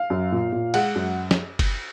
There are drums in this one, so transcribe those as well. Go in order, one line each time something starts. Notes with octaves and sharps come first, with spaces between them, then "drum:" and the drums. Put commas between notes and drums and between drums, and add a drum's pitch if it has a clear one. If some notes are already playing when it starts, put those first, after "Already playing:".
Already playing: F5
F#2
A#2
A#2
G#3 F#5, drum: cymbal
F#2
drum: snare
drum: kick F#1, cymbal